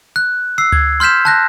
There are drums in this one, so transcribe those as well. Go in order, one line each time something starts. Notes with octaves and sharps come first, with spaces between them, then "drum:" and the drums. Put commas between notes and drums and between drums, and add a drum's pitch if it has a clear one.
F#6
E6 C7
G#6, drum: tom D2
C6 F6 G6 B6 E7
A5 F#6 A#6